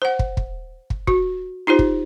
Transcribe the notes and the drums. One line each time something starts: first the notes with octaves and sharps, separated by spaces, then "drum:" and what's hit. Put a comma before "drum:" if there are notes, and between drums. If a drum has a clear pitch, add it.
C5 F#5
drum: kick
drum: kick
drum: kick
F#4, drum: kick
D#4 F4 G4 C5
drum: kick